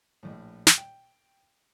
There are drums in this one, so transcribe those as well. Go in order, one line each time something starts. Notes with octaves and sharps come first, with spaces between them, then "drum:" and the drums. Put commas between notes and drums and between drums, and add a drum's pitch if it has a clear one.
A#1 A2
drum: snare
G5